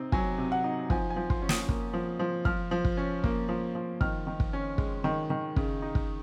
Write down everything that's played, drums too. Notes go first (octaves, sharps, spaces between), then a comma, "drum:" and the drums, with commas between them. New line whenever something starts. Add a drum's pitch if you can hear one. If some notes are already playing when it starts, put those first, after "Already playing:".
Already playing: C3 C4 D#4
F#3 G#5, drum: kick
C3
F#5
D#4
F3 G#5, drum: kick
G#5
F3
C6, drum: kick
C#4
D#6, drum: snare
A#3, drum: kick
F3
F3
F3 F6, drum: kick
F3
drum: kick
C#4
A#3, drum: kick
F3
F3
D#3 F6, drum: kick
D#3
drum: kick
C#4
G#3, drum: kick
D#3
D#3
C#3, drum: kick
D#4
drum: kick